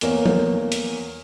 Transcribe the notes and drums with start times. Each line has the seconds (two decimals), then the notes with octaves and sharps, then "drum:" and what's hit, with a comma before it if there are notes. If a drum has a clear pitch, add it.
0.01 E2 A#3 C#5, drum: hi-hat
0.26 drum: tom
0.72 drum: hi-hat